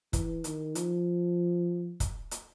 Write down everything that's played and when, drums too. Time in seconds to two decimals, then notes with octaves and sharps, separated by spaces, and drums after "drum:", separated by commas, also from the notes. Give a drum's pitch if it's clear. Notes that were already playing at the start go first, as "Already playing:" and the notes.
0.13 E3, drum: kick, hi-hat
0.44 D#3, drum: hi-hat
0.75 F3, drum: hi-hat
2.00 drum: kick, hi-hat
2.31 drum: hi-hat